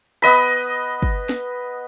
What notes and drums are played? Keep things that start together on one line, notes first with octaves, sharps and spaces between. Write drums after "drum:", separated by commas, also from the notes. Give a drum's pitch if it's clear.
B3 D#5 B5
drum: kick
drum: snare